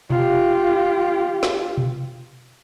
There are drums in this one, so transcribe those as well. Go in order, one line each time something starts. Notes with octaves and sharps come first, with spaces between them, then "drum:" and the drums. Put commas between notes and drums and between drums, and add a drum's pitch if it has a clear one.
F4 G4, drum: tom B2
drum: snare
drum: tom B2